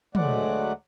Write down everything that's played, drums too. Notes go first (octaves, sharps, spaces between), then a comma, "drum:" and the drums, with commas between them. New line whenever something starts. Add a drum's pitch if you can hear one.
D2 F#3 G#3 A3 D5 F#5, drum: tom